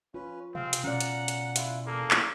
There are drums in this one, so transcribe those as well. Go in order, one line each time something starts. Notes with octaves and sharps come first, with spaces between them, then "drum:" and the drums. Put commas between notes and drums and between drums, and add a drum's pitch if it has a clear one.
C#4 F4 B4
C3 C4 G#4 F5
drum: hi-hat
B2 C#4 D5 F#5 A#5
drum: hi-hat
drum: hi-hat
E4 F4, drum: hi-hat
E2 A#3 G#4 A4
drum: clap